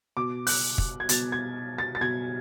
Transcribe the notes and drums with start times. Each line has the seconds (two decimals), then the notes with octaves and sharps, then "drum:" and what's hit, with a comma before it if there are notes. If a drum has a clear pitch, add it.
0.17 B2 D6
0.47 F#6, drum: open hi-hat
0.78 drum: kick
1.00 G#6
1.09 B2 A6, drum: hi-hat
1.32 G#6
1.78 A6
1.95 A6
2.01 B2 G#6